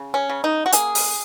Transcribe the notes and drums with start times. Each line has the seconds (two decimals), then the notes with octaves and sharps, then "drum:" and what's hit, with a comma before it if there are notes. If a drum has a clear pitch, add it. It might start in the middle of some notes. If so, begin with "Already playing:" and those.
Already playing: C#3
0.14 C#4
0.30 C#3
0.44 D#4
0.66 F#4
0.72 A#3 G#4, drum: hi-hat
0.95 drum: open hi-hat